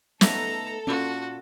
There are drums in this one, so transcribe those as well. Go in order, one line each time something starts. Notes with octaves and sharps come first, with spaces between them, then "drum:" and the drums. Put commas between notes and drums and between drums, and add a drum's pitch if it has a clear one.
A3 B3 D#4 A4 A#5, drum: snare
A#2 C#4 F4 F#4